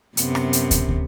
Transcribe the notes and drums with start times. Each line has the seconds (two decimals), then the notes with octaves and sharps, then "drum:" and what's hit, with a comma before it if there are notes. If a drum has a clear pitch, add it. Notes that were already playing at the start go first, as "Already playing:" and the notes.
0.17 F#2 C3 B3, drum: hi-hat
0.35 drum: rim click
0.53 drum: hi-hat
0.71 drum: kick, hi-hat
0.89 drum: kick